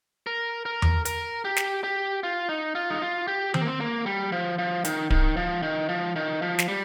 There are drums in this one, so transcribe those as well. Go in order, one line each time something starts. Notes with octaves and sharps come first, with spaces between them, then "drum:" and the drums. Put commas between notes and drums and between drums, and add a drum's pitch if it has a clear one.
A#4
A#4
drum: tom E2
A#4, drum: hi-hat
G4
drum: snare
G4
F4
D#4
F4
D#4
F4
G4
C4, drum: tom D#3
A#3
C4
A#3
G3
F3
F3
D#3, drum: hi-hat
D#3, drum: kick D1
F3
D#3
F3
D#3
F3
drum: snare
G3